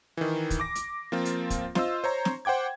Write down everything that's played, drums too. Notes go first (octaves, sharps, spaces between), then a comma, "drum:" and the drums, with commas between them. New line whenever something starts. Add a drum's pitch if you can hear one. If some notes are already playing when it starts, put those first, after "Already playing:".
D#3 E3
drum: kick, hi-hat
D6 A#6
drum: hi-hat
F3 A#3 C4 F4
drum: hi-hat
drum: kick, hi-hat
F4 C5 D#5 E6, drum: snare
C5 C#5 A#5
drum: snare
C5 F#5 G5 D6 G#6